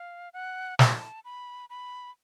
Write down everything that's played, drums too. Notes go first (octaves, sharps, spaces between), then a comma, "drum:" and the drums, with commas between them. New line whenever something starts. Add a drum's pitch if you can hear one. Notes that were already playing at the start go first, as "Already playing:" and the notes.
Already playing: F5
F#5
A5, drum: snare
B5
B5